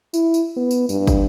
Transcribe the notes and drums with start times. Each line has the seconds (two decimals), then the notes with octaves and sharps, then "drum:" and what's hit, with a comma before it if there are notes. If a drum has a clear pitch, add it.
0.14 E4, drum: tambourine
0.34 drum: tambourine
0.57 B3
0.71 drum: tambourine
0.89 G2, drum: tambourine
1.07 drum: kick, tambourine